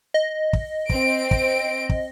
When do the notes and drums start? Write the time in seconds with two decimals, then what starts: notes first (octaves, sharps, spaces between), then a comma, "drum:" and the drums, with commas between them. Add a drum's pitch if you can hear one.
0.14 D#5
0.53 drum: kick
0.90 C4 D7, drum: kick
1.31 drum: kick
1.89 drum: kick